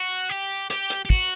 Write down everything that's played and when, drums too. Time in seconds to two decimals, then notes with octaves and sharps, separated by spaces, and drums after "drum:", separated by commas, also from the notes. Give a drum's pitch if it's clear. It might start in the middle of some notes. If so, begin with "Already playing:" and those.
Already playing: F#4
0.29 G4
0.70 G4, drum: hi-hat
0.90 drum: hi-hat
1.05 G4
1.10 F#4, drum: kick, open hi-hat